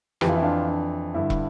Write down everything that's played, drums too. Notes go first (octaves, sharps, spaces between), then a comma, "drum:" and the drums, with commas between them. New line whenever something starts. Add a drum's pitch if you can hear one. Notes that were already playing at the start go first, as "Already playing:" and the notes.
F2 E3 G4, drum: rim click
F4
E4
D4 F4
D4
G2 D3 E4
drum: kick